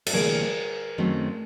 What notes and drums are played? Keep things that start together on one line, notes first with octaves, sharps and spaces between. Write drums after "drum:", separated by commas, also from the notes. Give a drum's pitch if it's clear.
A4, drum: cymbal
D2 C3 E3 G3 A#3 G#4 A#4
F#2 D#3 F#3 A3 C4